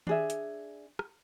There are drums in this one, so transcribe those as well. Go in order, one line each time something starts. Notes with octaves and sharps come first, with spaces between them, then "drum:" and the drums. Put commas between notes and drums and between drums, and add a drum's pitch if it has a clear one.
D4 G#4 E5, drum: tom D#3
drum: hi-hat
drum: rim click